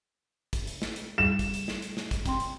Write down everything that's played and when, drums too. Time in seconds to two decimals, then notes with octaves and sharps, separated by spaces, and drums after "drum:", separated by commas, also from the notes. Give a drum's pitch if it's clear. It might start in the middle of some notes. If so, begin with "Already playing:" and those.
0.53 drum: kick, hi-hat
0.67 drum: hi-hat
0.82 drum: snare
0.96 drum: hi-hat
1.18 G3 G#4 E7
1.39 drum: kick, hi-hat
1.54 drum: hi-hat
1.68 drum: snare
1.82 drum: hi-hat
1.97 drum: snare
2.11 drum: kick, hi-hat
2.26 C4 G5 C6, drum: kick, hi-hat
2.40 drum: hi-hat